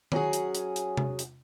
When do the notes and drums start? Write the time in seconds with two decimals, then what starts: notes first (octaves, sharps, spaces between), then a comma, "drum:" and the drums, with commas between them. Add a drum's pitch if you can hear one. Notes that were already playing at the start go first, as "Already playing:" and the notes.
0.12 F#3 C#4 F#4 G#4, drum: tom D#3
0.33 drum: hi-hat
0.55 drum: hi-hat
0.76 drum: hi-hat
0.97 drum: tom C3
1.19 drum: hi-hat